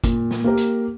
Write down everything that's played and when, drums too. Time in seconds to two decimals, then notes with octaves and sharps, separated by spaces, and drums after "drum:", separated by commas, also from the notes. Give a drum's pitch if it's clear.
0.04 A#2, drum: kick, hi-hat
0.31 drum: snare
0.44 A#3 G4 A#4
0.57 drum: hi-hat